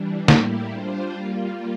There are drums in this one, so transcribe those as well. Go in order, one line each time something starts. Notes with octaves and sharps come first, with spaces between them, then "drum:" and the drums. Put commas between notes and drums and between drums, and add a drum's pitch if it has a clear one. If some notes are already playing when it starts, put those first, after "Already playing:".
Already playing: E3 G3 D4
A2 G3 A#3 E4 G4, drum: snare
G3 D4 F4 C5
G3 A#3 F4